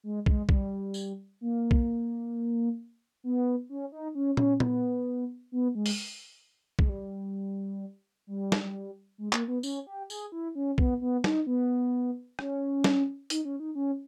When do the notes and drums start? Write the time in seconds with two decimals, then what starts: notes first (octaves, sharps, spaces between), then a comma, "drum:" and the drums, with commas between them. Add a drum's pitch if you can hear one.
0.04 G#3
0.26 G#3, drum: kick
0.49 G3, drum: kick
0.94 drum: tambourine
1.41 A#3
1.71 drum: kick
3.24 B3
3.69 C#4
3.92 D#4
4.15 C#4
4.37 C#4, drum: tom
4.60 B3, drum: tom
5.52 B3
5.75 G#3
5.86 drum: open hi-hat
6.79 G#3, drum: kick
6.89 G3
8.27 G3
8.52 drum: snare
9.18 G#3
9.33 A#3, drum: clap
9.48 B3
9.63 C#4, drum: tambourine
9.87 G4
10.10 G#4, drum: tambourine
10.32 E4
10.55 C#4
10.78 B3, drum: kick
11.01 B3
11.24 D#4, drum: snare
11.47 B3
12.39 C#4, drum: rim click
12.84 drum: snare
13.30 D#4, drum: hi-hat
13.45 C#4
13.60 D#4
13.75 C#4